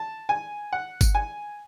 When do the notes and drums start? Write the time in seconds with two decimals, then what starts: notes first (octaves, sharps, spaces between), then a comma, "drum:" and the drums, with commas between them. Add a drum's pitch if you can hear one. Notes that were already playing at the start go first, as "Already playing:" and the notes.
Already playing: A5
0.29 G#5
0.73 F#5
1.01 drum: kick G1, tambourine
1.15 G#5